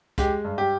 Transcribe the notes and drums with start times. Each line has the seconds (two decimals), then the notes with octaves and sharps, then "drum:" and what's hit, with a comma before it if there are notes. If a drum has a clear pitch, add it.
0.18 G#3 G4, drum: kick C2, hi-hat
0.45 G2
0.58 G4